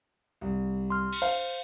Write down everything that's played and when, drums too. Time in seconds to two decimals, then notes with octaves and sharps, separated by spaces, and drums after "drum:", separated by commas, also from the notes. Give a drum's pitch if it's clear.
0.41 C2
0.90 C6 F6
1.13 drum: cymbal
1.22 C5 F5